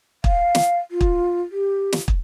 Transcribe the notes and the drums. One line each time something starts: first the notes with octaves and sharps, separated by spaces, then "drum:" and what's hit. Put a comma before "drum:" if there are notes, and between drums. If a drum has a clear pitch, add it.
F5, drum: kick
drum: snare
F4
drum: kick
G4
drum: snare
drum: kick